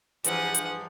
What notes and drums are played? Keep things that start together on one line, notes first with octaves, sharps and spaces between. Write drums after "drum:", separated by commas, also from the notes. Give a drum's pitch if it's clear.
G2 E3 F3 G#4 F#5, drum: hi-hat
drum: hi-hat